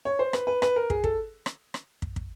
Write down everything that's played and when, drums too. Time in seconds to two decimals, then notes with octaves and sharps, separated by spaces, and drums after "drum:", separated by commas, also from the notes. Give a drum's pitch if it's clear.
0.05 C#5
0.19 C5
0.33 B4, drum: rim click
0.47 B4
0.62 B4, drum: rim click
0.76 A#4
0.90 G#4, drum: kick
1.04 A4, drum: kick
1.46 drum: rim click
1.74 drum: rim click
2.02 drum: kick
2.16 drum: kick